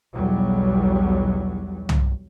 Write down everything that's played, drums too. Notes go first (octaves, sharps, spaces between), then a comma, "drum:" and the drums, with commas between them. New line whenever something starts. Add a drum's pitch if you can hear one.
B1 E2 F#3 G3
drum: tom C2